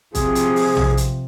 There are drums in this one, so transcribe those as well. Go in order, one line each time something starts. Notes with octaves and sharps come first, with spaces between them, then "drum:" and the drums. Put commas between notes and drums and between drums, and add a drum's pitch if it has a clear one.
C3 F3 G#4, drum: kick, hi-hat
drum: hi-hat
drum: open hi-hat
drum: tom
drum: hi-hat